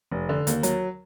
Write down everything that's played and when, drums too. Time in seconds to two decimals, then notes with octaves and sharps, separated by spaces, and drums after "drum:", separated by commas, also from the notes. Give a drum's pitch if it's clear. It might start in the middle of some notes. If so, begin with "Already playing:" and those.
0.11 F1
0.29 D3
0.47 D#2, drum: hi-hat
0.63 F#3, drum: hi-hat